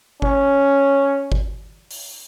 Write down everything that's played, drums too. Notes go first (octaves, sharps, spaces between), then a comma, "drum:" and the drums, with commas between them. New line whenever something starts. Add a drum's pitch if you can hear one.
C#4, drum: kick G1
drum: kick G1
drum: open hi-hat